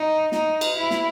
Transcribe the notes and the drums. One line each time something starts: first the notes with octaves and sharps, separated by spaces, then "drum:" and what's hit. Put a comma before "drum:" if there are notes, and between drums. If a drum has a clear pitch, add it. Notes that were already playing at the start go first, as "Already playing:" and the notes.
Already playing: D#4
D#4, drum: snare
drum: cymbal
E4
drum: snare